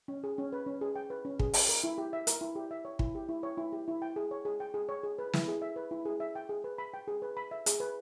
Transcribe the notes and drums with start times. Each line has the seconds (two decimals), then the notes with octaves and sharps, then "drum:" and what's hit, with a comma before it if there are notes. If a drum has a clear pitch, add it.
0.08 C#4
0.24 G#4
0.38 C#4
0.52 B4
0.66 C#4
0.81 G#4
0.95 G5
1.10 B4
1.25 C#4
1.39 G#4, drum: kick
1.54 G5, drum: open hi-hat
1.69 A#4
1.84 E4
1.98 G4
2.13 E5
2.27 A#4, drum: hi-hat
2.41 E4
2.56 G4
2.71 E5
2.85 C#5
2.99 E4, drum: kick
3.15 G4
3.29 E4
3.43 C#5
3.58 E4
3.73 G4
3.88 E4
4.02 G5
4.16 G#4
4.31 C#5
4.45 G#4
4.60 G5
4.74 G#4
4.89 C#5
5.03 G#4
5.19 B4
5.34 E4, drum: snare
5.48 G#4
5.62 E5
5.76 B4
5.91 E4
6.05 G#4
6.20 E5
6.35 G5
6.49 G#4
6.64 B4
6.78 B5
6.94 G5
7.08 G#4
7.22 B4
7.37 B5
7.51 E5
7.66 G#4, drum: hi-hat
7.80 B4